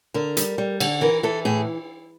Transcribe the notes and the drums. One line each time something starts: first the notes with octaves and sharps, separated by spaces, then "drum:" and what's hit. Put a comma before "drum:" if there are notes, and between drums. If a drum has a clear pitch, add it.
D3 A#4
G3, drum: hi-hat
G3
D3, drum: cymbal
E3 A#4
E3 A4
A2 G#4